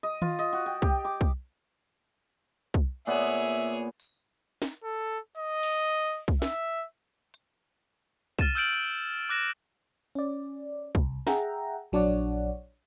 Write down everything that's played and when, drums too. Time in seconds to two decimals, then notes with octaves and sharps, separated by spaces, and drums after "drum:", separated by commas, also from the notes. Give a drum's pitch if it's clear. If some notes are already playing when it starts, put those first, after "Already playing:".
0.03 D#5
0.22 F4, drum: tom D#3
0.39 D#5, drum: hi-hat
0.53 F#4
0.66 G5
0.82 G4, drum: kick
1.05 D6
1.21 drum: kick
2.74 drum: kick
3.07 A#2 B3 G#4 C#5 E5
4.00 drum: open hi-hat
4.62 drum: snare
4.83 A4
5.37 D#5
5.63 drum: cymbal
6.28 drum: kick
6.42 E5, drum: snare
7.34 drum: hi-hat
8.39 F6 A6 D#7 E7, drum: kick
8.55 E6 F6 G6 A6 D7 F#7
8.73 drum: hi-hat
9.29 D6 F#6 A#6 E7
10.15 C#4 D5
10.95 C2, drum: kick
11.27 G#4 E5 F#5 G5 A#5, drum: snare
11.92 A#1 F#3 D4 C#5 D5 F#5